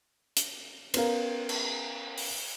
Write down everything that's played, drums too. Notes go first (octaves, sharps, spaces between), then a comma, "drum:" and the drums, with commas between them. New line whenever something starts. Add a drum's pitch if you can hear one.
drum: hi-hat
B3 C#4 A#4 F5, drum: cymbal
drum: cymbal
drum: open hi-hat